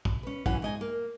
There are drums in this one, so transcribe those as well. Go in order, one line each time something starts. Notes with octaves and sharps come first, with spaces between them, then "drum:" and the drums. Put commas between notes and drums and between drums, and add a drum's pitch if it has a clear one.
drum: kick
C#4 B4
E3 F#3 C#4 F#5, drum: kick
G#2 D#5 G#5
A#3